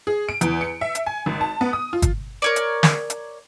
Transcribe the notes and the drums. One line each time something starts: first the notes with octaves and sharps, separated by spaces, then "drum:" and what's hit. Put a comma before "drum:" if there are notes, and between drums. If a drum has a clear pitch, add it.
G#4
D7
E2, drum: hi-hat
C#7
E5
drum: hi-hat
G#5
G#1
A5
B3
D#6
F4
drum: kick, hi-hat
A#4 C#5 D5
drum: hi-hat
drum: snare
drum: hi-hat